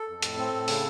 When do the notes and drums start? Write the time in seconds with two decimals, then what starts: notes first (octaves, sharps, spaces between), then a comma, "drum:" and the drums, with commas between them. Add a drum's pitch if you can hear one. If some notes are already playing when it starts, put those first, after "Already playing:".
Already playing: A4
0.08 F2
0.22 A2, drum: hi-hat
0.37 C4
0.53 A2
0.68 C#3, drum: open hi-hat